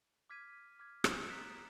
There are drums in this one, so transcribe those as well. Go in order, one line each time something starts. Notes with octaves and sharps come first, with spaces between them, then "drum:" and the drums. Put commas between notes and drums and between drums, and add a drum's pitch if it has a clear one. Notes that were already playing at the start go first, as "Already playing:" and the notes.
D6 F6 G#6 B6 D#7
D6 F6 G#6
drum: rim click
A#5 D#6 F#6 B6 E7